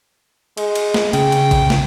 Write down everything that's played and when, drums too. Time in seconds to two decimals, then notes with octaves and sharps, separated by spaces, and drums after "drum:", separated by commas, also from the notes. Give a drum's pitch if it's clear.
0.57 G#3, drum: cymbal
0.75 drum: cymbal
0.94 drum: snare
1.13 C#3 G#4 G5, drum: cymbal
1.32 drum: cymbal
1.51 drum: kick, cymbal
1.70 drum: snare